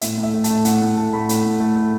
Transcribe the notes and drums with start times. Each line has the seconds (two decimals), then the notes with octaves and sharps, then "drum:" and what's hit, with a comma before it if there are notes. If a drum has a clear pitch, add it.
0.01 A2 E5, drum: hi-hat
0.17 A2
0.23 E5
0.33 A3
0.44 A5, drum: hi-hat
0.50 A3
0.65 A2 F#5, drum: hi-hat
0.81 A2 F#5
0.98 A3 A5
1.13 A3 B5
1.29 A2, drum: hi-hat
1.44 A2
1.60 A3
1.76 A3